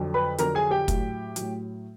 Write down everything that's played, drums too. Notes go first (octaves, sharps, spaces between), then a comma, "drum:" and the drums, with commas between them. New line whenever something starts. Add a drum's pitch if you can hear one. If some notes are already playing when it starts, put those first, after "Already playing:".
Already playing: F2 D3 F#3
B4 B5
F2 D3 F#3 A#4 A#5, drum: hi-hat
G#4 G#5
G4 G5
A2 F#3, drum: kick, hi-hat
A2 F#3, drum: hi-hat